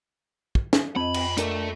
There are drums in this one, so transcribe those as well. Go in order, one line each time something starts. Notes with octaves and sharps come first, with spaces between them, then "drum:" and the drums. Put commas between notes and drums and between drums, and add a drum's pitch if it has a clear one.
drum: kick
drum: snare
F2 C4 D#5 B5
drum: cymbal
A3 D4 A4 A#4 D5, drum: hi-hat